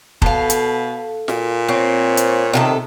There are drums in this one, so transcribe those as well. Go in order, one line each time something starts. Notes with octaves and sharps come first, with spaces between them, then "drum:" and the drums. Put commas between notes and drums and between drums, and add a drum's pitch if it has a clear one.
B2 A4 F5, drum: kick
drum: hi-hat
A#2, drum: snare
C4 C#5
drum: hi-hat
C3 D#3 G4 A4